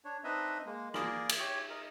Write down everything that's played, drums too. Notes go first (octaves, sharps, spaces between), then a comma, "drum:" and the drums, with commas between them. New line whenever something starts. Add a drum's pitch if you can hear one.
D4 C#5
C4 D4 D#4 B4 D#5 E5
G#3 A#3
A#3 G#4 A#4 D5, drum: rim click
drum: cymbal
G4 C#5
A#4 D#5